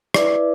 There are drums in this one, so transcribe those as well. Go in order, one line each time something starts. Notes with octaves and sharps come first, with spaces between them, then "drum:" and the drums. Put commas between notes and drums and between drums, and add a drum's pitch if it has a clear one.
E4 B4 D5 E5, drum: rim click